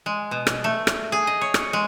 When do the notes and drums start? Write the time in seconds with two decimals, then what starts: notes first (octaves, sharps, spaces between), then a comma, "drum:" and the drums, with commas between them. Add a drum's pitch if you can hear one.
0.06 G#3
0.31 B2
0.47 drum: rim click
0.64 A3
0.87 drum: rim click
1.12 G#4
1.27 D#5
1.41 C#5
1.54 drum: rim click
1.73 G#3